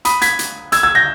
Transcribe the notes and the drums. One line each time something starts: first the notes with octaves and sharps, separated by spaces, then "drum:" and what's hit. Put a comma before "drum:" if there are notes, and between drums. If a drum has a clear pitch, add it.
B5 D#6, drum: hi-hat
G#6 B6, drum: hi-hat
drum: hi-hat
E6 G#6, drum: hi-hat
E6 G#6
G6 A#6